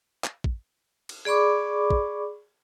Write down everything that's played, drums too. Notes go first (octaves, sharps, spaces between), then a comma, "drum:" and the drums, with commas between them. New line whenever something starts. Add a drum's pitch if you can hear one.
drum: clap
drum: kick
drum: cymbal
G#4 D5 B5 C#6 D6
drum: kick